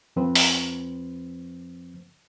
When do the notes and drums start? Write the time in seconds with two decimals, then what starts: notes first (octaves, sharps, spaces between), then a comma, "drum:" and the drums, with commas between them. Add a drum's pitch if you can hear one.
0.16 F2 F3 C4 B4 C5
0.35 drum: open hi-hat